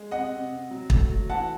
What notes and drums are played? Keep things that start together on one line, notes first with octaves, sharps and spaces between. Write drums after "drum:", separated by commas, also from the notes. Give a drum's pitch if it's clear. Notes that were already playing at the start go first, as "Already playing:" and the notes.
Already playing: G#3
C3 D#5 F#5
C3
C3
F#3
A3, drum: kick
F#3
E3 F#5 A5